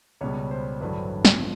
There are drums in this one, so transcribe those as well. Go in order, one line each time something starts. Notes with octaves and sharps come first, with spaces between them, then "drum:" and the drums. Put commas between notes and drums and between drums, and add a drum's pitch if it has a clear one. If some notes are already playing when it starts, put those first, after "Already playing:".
C#2 B2 G3 C#5
C5
A1 G2 D3 F#3 B4
drum: snare
F3